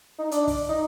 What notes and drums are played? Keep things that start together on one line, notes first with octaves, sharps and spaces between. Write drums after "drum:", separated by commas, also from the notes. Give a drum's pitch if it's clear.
D#4
D4, drum: hi-hat
drum: kick, open hi-hat
D#4